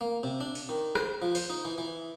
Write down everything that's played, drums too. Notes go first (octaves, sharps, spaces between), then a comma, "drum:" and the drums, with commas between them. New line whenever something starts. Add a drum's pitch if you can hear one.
A#3
C3
D4
drum: open hi-hat
D#3
C5, drum: rim click
F3
C5, drum: open hi-hat
D#4
E3
E3